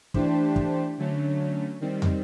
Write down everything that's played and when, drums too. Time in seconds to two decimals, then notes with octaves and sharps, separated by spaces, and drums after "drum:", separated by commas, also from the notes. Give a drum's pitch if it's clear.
0.14 E3 A3 D4 G4 C5, drum: kick
0.56 drum: kick
0.98 D3 F#3 A3 C#4
1.81 D#3 G3 C4
2.02 drum: tom